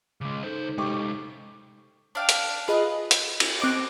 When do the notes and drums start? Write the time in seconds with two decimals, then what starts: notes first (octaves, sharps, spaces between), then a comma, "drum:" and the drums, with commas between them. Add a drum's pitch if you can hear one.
0.21 C#3 G#3 D6
0.43 C#2 D#4 A4 C5
0.78 C3 G#3 G4 C#6 D6
2.15 D4 F5 G5
2.29 drum: hi-hat
2.68 F4 G#4 B4 D#5
3.11 drum: hi-hat
3.40 drum: cymbal
3.60 C4 D#5 C#6 D6 F#6 D7